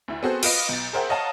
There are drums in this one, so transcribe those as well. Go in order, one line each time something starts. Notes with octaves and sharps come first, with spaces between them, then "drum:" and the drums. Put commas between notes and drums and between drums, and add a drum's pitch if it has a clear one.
D2 E4
B3 C4 F#4 G#4 A4 C5
F4 B4 D#5, drum: cymbal
B1 A6
G#4 A#4 C5 E5 F#5 G5
C#5 D#5 F5 F#5 A5 A#5